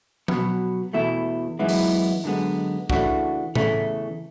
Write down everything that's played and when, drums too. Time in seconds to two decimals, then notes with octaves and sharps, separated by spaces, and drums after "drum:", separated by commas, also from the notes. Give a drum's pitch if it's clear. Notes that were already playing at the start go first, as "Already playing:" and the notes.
0.28 B2 F#3 B3, drum: tom F3
0.93 E2 B2 A3 E4
1.59 F#2 E3 G#3 B3 E4
1.69 drum: open hi-hat
2.24 F#2 D3 G#3 B3
2.90 C#3 E3 A3 D4 F#4, drum: kick
3.55 E2 C#3 E3 A3, drum: tom A2